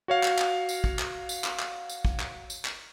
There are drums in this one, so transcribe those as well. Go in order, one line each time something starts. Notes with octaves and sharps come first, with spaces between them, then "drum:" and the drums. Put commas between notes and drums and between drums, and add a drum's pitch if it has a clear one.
F#4 C#5 F5
drum: clap
drum: clap
drum: tambourine
drum: kick
drum: clap
drum: tambourine
drum: clap
drum: clap
drum: tambourine
drum: kick
drum: clap
drum: tambourine
drum: clap